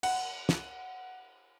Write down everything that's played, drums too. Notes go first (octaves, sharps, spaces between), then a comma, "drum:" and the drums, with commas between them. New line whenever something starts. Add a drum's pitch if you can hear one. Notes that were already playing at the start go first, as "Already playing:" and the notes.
F#5, drum: cymbal
drum: snare